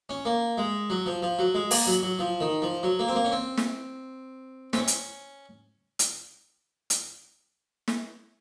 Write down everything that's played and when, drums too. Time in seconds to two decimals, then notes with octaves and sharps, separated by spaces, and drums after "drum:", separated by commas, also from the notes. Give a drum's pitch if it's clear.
0.09 C#4
0.25 A#3
0.58 G#3
0.90 F#3
1.06 F3
1.22 F3
1.39 F#3
1.54 G#3
1.71 A#3, drum: open hi-hat
1.87 F#3
2.03 F#3
2.19 F3
2.41 D#3
2.62 F3
2.83 F#3
2.99 A#3
3.08 C4
3.15 A#3
3.25 C#4
3.32 C4
3.57 drum: snare
4.73 C4, drum: snare
4.77 C#4
4.88 drum: hi-hat
5.99 drum: hi-hat
6.90 drum: hi-hat
7.88 drum: snare